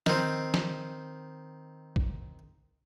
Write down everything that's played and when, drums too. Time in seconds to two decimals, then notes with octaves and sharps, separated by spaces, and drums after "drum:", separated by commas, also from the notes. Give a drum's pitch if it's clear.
0.06 D#3 C4, drum: snare
0.54 drum: snare
1.96 drum: kick